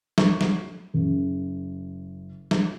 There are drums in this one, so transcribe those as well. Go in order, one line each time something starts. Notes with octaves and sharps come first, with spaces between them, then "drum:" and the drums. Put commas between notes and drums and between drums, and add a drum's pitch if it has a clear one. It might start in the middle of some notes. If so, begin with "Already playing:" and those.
C#6, drum: snare
drum: snare
F#1
drum: snare